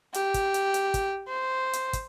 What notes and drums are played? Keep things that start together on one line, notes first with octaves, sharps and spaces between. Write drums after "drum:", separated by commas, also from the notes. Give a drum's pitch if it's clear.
G4, drum: hi-hat
drum: kick, hi-hat
drum: hi-hat
drum: hi-hat
drum: kick, hi-hat
C5
drum: hi-hat
drum: kick, hi-hat